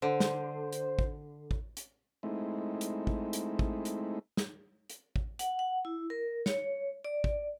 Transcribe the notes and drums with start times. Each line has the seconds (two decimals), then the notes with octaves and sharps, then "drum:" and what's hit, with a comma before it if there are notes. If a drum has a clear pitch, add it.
0.02 D3 C5
0.20 drum: snare
0.73 drum: hi-hat
0.99 drum: kick
1.51 drum: kick
1.77 drum: hi-hat
2.23 G#3 A3 C4 D#4 E4
2.81 drum: hi-hat
3.07 drum: kick
3.33 drum: hi-hat
3.59 drum: kick
3.85 drum: hi-hat
4.37 drum: snare
4.90 drum: hi-hat
5.16 drum: kick
5.39 F#5, drum: hi-hat
5.59 F#5
5.85 E4
6.10 A#4
6.46 C#5, drum: snare
7.04 D5
7.24 drum: kick